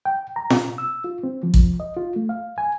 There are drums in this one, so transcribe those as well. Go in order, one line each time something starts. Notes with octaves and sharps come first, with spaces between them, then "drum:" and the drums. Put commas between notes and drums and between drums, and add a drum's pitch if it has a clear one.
G5
A#5
B2, drum: snare F4
E6
F4
C4
F3
drum: kick
D#5
F4
A3
F5
G#5